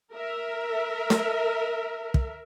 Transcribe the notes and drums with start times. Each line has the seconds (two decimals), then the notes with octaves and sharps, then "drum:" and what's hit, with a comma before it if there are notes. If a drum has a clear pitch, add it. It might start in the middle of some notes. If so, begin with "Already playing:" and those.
0.12 A#4 E5
1.10 drum: snare
2.14 drum: kick